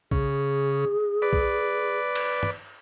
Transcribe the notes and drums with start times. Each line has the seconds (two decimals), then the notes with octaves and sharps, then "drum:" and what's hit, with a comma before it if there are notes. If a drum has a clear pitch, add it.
0.11 C#3 G#4, drum: kick B1
1.22 B4 D5
1.33 drum: kick B1
2.15 drum: cymbal
2.43 drum: tom